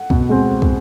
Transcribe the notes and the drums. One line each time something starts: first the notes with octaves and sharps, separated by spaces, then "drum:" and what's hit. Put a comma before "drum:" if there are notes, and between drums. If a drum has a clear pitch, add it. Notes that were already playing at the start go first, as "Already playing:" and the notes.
Already playing: F#5
B2, drum: kick
G#3 C4
drum: kick